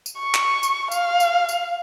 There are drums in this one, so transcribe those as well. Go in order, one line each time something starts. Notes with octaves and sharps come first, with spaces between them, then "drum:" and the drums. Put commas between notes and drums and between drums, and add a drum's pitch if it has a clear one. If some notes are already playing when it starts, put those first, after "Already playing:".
drum: tambourine
C#6
drum: clap
drum: tambourine
F5, drum: tambourine
drum: tambourine
drum: tambourine